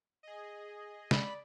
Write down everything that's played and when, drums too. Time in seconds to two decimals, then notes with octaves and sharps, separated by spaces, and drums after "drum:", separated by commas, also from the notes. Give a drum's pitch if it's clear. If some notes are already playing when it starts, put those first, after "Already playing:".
0.23 G#4 D#5
1.11 D5 B5, drum: snare